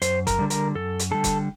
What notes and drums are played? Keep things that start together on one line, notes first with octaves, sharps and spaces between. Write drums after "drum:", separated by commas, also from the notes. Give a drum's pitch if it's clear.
F#2 C5, drum: hi-hat
A#4, drum: kick F#1, hi-hat
D3 G3
A#4, drum: hi-hat
F#2 A4
drum: hi-hat
D3 G3 A4
drum: kick F#1, hi-hat